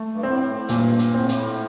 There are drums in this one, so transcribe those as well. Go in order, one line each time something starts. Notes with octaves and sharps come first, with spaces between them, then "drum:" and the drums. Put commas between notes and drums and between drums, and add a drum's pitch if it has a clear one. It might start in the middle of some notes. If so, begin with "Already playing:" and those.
Already playing: A3
G2
A2 C4
G2 A#2, drum: hi-hat
drum: hi-hat
A2 C4
drum: hi-hat